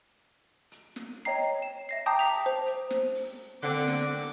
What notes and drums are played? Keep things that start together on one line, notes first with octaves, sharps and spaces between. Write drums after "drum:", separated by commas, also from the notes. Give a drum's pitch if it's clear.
drum: hi-hat
drum: snare
C#5 D#5 G5 A#5 C7
E7
E5 A#6 C7
G5 A5 A#5 D6 D#6 G6
B6 F7, drum: open hi-hat
C5
drum: hi-hat
drum: snare
drum: open hi-hat
D3 C4 D6, drum: hi-hat
drum: snare
drum: open hi-hat